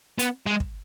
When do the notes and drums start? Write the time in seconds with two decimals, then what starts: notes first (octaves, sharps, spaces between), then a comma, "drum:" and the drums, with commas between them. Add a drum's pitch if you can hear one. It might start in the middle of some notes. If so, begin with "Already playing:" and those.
0.19 B3, drum: hi-hat
0.47 G#3
0.60 drum: kick